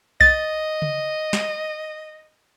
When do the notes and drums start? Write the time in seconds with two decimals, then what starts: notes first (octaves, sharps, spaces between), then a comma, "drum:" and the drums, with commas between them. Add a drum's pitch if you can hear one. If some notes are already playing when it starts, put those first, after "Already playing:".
0.21 D#5 A6, drum: kick B1
0.82 drum: tom C#3
1.33 drum: snare